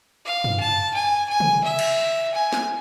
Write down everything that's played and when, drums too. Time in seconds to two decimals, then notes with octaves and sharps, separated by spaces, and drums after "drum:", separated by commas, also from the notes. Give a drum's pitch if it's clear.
0.25 F5
0.44 drum: tom
0.60 A5
0.94 G#5
1.29 G#5
1.40 drum: tom C3
1.64 E5
1.79 drum: cymbal
2.34 G#5
2.53 drum: snare